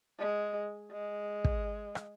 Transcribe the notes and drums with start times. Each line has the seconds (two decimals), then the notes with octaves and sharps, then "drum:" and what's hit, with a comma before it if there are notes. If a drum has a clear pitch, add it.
0.19 G#3
0.92 G#3
1.44 drum: kick
1.95 drum: rim click